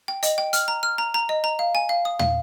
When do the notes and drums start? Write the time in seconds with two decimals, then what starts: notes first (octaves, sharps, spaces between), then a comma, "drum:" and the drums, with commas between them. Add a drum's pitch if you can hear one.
0.08 G5
0.23 D#5, drum: hi-hat
0.38 G5
0.53 F6, drum: hi-hat
0.68 A#5
0.83 F6
0.98 A#5
1.14 A#5
1.29 D#5
1.44 A#5
1.59 F5
1.75 G#5
1.89 F5
2.05 D#6
2.19 F5, drum: tom